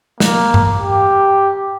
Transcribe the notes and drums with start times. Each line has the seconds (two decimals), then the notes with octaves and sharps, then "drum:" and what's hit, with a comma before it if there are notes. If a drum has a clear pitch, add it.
0.20 A#3, drum: snare
0.54 drum: tom G2
0.80 G4